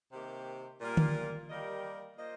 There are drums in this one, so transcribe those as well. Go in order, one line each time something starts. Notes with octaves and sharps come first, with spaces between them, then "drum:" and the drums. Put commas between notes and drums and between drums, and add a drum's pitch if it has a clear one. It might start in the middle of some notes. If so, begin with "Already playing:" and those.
C3 D#3 A#3 G4
A#2 G3 A#3 F4
drum: tom D3
G3 A#3 G4 A#4 D#5
A#3 F4 C5 D#5